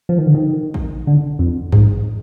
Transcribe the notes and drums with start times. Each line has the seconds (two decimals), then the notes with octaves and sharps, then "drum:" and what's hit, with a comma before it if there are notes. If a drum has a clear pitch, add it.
0.09 F3
0.18 D#3
0.26 D3
0.34 D#3
0.74 drum: kick
1.07 D3
1.39 F2
1.72 G#2, drum: kick